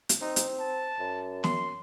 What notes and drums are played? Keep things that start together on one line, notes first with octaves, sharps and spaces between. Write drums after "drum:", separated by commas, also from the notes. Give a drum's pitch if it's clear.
drum: hi-hat
C4 D#4
drum: hi-hat
A5
F#2
C6, drum: snare